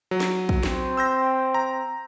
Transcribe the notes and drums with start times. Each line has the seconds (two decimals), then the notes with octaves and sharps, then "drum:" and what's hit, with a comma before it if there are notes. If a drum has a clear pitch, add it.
0.11 F#3
0.20 drum: snare
0.49 drum: kick
0.63 C4, drum: snare
0.97 E6 G6 A#6
1.54 A#5